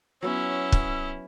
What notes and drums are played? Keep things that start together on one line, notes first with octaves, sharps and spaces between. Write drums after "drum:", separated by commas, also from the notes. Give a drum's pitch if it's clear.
F#3 B3 C#4 E4 E6
drum: kick